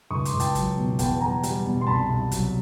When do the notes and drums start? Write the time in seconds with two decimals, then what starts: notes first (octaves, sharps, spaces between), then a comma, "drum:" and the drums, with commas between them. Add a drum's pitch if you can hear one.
0.11 C#2 C#6 D#6
0.25 C6 D6, drum: hi-hat
0.33 C#2
0.40 G5 A5, drum: hi-hat
0.55 F#3, drum: kick, hi-hat
0.77 B2
0.99 E2 G5 A5, drum: kick, hi-hat
1.21 E2 G#5 A#5
1.43 G3, drum: hi-hat
1.66 B2
1.81 C6
1.87 C2 A5 B5
2.09 C2
2.32 F#3, drum: kick, hi-hat